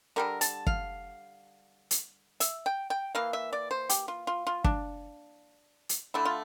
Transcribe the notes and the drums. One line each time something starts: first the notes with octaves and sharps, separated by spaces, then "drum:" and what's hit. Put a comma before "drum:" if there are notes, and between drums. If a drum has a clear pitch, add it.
D3 G3 A#3 A#4
A5, drum: hi-hat
F5, drum: kick
drum: hi-hat
E5, drum: hi-hat
G5
G5
E3 A#3 F5
E5
D5
C5
G4, drum: hi-hat
F4
F4
F4
D4, drum: kick
drum: hi-hat
D3 A3 E4
F4